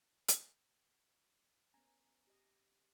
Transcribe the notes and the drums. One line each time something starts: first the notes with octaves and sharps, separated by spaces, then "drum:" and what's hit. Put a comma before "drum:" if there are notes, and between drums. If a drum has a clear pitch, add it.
drum: hi-hat
B3 C#4 G#5 A#5
G4 D#5